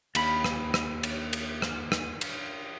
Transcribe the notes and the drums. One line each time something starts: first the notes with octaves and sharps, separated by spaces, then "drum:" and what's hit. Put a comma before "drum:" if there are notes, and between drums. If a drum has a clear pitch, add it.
D#2 B5, drum: cymbal
drum: rim click
drum: rim click
drum: cymbal
drum: cymbal
drum: rim click
drum: rim click
drum: cymbal